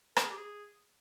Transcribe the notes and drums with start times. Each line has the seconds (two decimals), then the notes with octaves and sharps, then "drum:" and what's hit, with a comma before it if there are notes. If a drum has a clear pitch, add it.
0.16 A#4, drum: rim click
0.23 G#4
0.30 G4
0.37 G#4